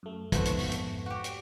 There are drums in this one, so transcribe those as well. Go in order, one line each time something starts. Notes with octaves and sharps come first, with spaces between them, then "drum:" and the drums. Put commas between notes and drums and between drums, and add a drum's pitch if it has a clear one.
F#2 A3
F2 G#2 A3 B3 F#4 C5, drum: kick, hi-hat
drum: hi-hat
F#4, drum: open hi-hat
drum: hi-hat
F#4 G4
drum: hi-hat